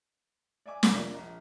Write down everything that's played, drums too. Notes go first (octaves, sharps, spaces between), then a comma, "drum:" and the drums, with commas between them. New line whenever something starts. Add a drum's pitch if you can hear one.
D5 E5 G#5 D6
C2 F2 D6, drum: snare
F3 A#4 D5 E5
A#1